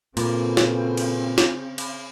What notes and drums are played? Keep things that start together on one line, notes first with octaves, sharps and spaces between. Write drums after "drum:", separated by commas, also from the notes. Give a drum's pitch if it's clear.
A#2 C#3 C4 F#4 A4 B4, drum: cymbal
drum: snare
drum: cymbal
drum: snare
drum: cymbal